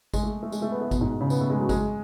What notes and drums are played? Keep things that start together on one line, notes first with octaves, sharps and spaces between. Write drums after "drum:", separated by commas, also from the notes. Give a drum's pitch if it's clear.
G#3, drum: kick G#1, tambourine
A3
A3
G#3, drum: tambourine
A3
B3
A3
B2, drum: kick G#1, tambourine
G#2
C#3
B3, drum: tambourine
A3
G#3
F#3
G#3, drum: kick G#1, tambourine